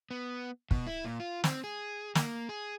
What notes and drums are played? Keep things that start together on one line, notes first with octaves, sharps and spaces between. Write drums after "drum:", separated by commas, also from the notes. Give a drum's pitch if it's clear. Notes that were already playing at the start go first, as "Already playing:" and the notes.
B3
B2, drum: kick
E4
A#2
F4
C4, drum: snare
G#4
A#3, drum: snare
G#4